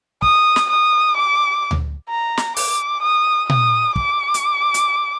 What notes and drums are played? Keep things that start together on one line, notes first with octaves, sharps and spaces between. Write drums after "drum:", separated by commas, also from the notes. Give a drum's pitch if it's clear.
D#6, drum: kick
drum: snare
D#6
D6
drum: tom D2
A#5
drum: snare
D6, drum: open hi-hat
D#6
D#6, drum: tom A#2
D6, drum: kick
drum: hi-hat
drum: hi-hat